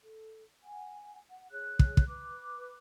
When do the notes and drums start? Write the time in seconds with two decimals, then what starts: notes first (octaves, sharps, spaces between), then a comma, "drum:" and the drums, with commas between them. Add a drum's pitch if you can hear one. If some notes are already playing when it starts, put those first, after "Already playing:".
0.02 A4
0.64 F#5 G#5
1.30 F#5
1.52 G#4 C#5 F#6
1.79 drum: kick
1.97 drum: kick
2.07 B4 D6 F#6